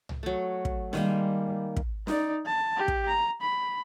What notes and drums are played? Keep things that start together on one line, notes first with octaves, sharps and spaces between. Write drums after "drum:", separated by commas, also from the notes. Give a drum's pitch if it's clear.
drum: tom C2
F#3 A3
drum: kick
D#3 G3 G#3 A#3, drum: snare
drum: kick
D#4 D5, drum: snare
A5
G4
drum: kick
A#5
B5